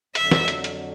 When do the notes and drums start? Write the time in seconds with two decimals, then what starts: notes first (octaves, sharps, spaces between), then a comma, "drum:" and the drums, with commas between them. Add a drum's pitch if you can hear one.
0.15 F2 D3 F#3 E5, drum: hi-hat
0.31 drum: snare
0.48 drum: hi-hat
0.64 drum: hi-hat